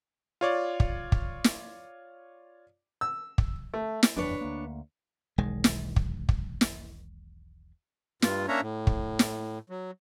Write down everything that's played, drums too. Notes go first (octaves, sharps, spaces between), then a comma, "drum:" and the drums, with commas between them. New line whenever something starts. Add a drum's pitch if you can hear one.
F4 C#5 D5
drum: kick
drum: kick
drum: snare
E6
drum: kick
A3
drum: snare
F#1 E2 G2 D4 B4 C#5
D2 A#3
E1 B1 D#3 G#3
drum: snare
drum: kick
drum: kick
drum: snare
G2 F4, drum: snare
A#3 C#4 D4 C#5 E5 A#5
A2
drum: kick
drum: snare
F#3